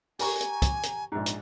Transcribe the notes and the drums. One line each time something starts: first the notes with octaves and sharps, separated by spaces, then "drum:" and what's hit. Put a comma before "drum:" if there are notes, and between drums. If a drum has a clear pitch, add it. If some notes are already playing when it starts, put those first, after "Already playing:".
G4 G#5 A#5 C#6, drum: open hi-hat
drum: hi-hat
drum: kick, hi-hat
drum: hi-hat
A#1 G#2
drum: hi-hat